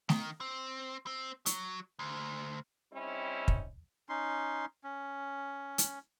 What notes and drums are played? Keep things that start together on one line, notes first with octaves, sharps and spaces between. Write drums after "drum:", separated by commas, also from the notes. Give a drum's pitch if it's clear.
D#3, drum: snare A3
C4
C4
F#3, drum: hi-hat
D2
G3 C4 C#4 D#4 E4
drum: kick
C#4 D#4 C6
C#4
drum: hi-hat